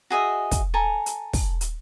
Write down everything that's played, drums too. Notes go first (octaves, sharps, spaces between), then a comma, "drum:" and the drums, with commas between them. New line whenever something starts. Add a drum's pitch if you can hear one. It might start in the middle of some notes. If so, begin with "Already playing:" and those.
F#4 G#4 D#5 E5
drum: kick, hi-hat
A4 G#5 A#5
drum: hi-hat
drum: kick, open hi-hat
drum: hi-hat